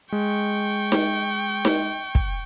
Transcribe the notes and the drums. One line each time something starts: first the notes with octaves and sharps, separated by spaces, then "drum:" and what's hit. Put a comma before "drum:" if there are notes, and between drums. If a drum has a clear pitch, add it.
G#3 G5 C#6
drum: snare D#4
drum: snare D#4
drum: kick